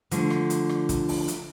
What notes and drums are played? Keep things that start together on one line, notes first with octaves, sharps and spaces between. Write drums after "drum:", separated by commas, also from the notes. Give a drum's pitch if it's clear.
D3 F3 A3, drum: hi-hat
drum: rim click
drum: hi-hat
drum: rim click
drum: kick, hi-hat
drum: open hi-hat
drum: hi-hat